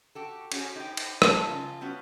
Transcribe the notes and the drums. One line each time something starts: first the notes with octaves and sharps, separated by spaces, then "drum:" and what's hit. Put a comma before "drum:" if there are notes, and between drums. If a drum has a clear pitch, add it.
F#4 G4 A4
C#4 F#4 G#4, drum: cymbal
D#4 G4
drum: cymbal
A3 C4 C#4 D#4 F4, drum: rim click
C#3 F4
G3 B3 C#4 F#4